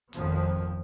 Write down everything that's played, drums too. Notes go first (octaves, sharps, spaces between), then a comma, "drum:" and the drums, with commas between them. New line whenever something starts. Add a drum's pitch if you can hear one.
G#1 F2 D#3 F3 B3, drum: hi-hat